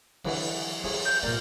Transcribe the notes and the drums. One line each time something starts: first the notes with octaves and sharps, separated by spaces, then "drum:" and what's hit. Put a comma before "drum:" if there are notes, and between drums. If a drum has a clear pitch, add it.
D3 E3 F#3 D#5 F#5, drum: cymbal
F#3 E4 G#4, drum: cymbal
G6
A#2 A#3 A#4 D5 F6